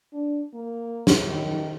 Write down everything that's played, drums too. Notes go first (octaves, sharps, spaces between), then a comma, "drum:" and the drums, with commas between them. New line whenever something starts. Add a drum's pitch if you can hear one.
D4
A#3
drum: snare
D#3